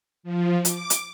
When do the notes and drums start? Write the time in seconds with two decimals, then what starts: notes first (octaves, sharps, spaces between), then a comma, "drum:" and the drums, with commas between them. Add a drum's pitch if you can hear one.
0.23 F3
0.65 D6, drum: hi-hat
0.90 drum: hi-hat